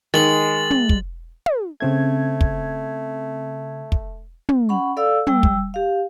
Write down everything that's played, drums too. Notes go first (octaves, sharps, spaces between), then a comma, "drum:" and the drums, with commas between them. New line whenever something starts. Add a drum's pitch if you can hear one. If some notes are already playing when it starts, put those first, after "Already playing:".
D#3 G#3 A6 F#7
drum: tom
drum: kick
drum: tom
C#3 A3 C4 G#6
drum: kick
drum: kick
drum: tom
C#4 F#5 B5 C#6
A4 D5 F5 E6
G3 G5 E6, drum: tom
drum: kick
G4 F5